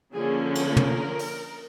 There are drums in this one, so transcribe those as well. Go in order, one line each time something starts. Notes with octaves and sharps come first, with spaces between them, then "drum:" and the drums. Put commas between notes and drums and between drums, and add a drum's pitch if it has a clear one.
D3 F3 A#3 C#4 G#4
drum: cymbal
A#4, drum: tom
drum: open hi-hat